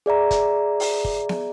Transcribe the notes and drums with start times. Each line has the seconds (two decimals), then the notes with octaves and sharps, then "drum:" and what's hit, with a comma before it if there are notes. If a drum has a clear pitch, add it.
0.06 G#4 D5 E5 A#5
0.31 drum: kick G1, hi-hat
0.80 drum: open hi-hat
1.05 drum: kick G1
1.29 drum: snare B3